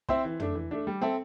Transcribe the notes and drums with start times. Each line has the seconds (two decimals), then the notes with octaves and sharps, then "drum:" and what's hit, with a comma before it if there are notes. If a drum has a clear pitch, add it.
0.09 C4 E4 C5 E5, drum: kick
0.25 E3
0.40 A3 D4, drum: tom
0.55 E3
0.71 A3 D4
0.87 G3
1.01 C4 A4 E5